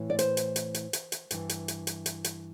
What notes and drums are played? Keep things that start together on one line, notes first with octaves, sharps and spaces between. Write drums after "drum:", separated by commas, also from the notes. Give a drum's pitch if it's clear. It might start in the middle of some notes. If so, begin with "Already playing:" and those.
Already playing: A2 E3
D5
C5, drum: hi-hat
drum: hi-hat
drum: hi-hat
drum: hi-hat
drum: hi-hat
drum: hi-hat
G2 E3, drum: hi-hat
drum: hi-hat
drum: hi-hat
drum: hi-hat
drum: hi-hat
drum: hi-hat